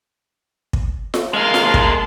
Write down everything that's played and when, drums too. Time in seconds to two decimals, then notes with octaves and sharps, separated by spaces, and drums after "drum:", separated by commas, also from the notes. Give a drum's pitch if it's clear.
0.73 drum: kick
1.14 drum: snare F4
1.34 G#3 A#3 F5 A5 C6
1.54 drum: snare F4
1.74 drum: kick